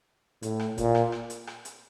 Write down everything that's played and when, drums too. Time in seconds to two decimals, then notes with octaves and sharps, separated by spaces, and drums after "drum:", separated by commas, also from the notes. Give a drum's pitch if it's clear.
0.43 A2, drum: hi-hat
0.59 drum: rim click
0.78 A#2, drum: kick F1, hi-hat
0.95 drum: rim click
1.12 drum: rim click
1.30 drum: hi-hat
1.47 drum: rim click
1.65 drum: hi-hat